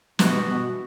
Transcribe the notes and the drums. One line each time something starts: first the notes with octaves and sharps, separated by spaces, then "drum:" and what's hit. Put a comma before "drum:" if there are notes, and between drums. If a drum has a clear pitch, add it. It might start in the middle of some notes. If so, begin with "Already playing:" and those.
G2 B2 E3 B3 F#4, drum: snare
B2